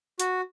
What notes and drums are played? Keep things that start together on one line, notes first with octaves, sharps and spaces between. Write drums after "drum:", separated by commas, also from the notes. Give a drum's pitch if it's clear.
F#4, drum: hi-hat